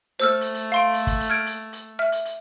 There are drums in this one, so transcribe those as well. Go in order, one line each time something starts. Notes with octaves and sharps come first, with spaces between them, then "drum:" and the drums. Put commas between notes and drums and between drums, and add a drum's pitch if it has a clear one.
A3 C5 E6 F6
drum: hi-hat
drum: hi-hat
F5 C6 D7
drum: hi-hat
drum: kick, hi-hat
drum: hi-hat
F6 G#6 D7
drum: hi-hat
drum: hi-hat
E5 F6
drum: hi-hat
drum: hi-hat